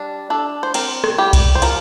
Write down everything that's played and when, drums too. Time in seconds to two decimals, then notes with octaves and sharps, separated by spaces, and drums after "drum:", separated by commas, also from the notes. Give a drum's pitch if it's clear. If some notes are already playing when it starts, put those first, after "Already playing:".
Already playing: G3 D4
0.30 D4 A4
0.63 C5
0.74 C4 A#4, drum: cymbal
1.04 drum: rim click
1.18 G3 G4
1.33 drum: kick C2, cymbal
1.55 C5
1.62 F3 A#4, drum: cymbal